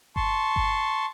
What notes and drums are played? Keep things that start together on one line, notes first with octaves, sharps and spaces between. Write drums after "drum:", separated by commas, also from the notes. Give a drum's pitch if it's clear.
A5 C6 C#6, drum: kick G1
drum: kick G1